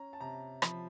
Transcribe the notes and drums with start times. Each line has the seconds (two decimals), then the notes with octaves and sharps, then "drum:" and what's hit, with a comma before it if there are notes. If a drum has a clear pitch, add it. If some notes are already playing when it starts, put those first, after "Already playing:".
Already playing: C#4 A#5
0.13 A5
0.20 C3 A#5
0.62 F3 B5, drum: rim click